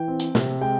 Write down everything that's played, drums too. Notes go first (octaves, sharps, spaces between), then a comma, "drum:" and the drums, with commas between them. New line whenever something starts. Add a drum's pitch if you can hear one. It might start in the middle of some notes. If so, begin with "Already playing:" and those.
Already playing: E3 G5
C4
drum: hi-hat
C3, drum: snare
G#3 G5